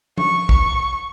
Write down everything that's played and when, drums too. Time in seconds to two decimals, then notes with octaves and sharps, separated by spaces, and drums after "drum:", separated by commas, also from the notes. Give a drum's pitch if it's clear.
0.18 C#6, drum: tom F3
0.49 drum: kick